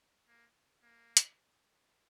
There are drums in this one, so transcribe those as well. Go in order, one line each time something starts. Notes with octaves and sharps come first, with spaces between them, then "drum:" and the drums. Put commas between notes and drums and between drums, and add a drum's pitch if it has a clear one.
A#3
A#3
drum: hi-hat